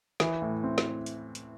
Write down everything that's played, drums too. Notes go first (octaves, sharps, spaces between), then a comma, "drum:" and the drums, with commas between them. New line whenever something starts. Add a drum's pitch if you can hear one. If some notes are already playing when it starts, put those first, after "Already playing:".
E3, drum: snare
A2
C4
drum: snare
drum: hi-hat
drum: hi-hat